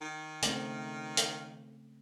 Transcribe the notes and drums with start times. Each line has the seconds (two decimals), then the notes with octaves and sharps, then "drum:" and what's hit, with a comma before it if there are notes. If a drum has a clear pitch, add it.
0.01 D#3
0.42 C#3 A3 C4, drum: hi-hat
1.17 drum: hi-hat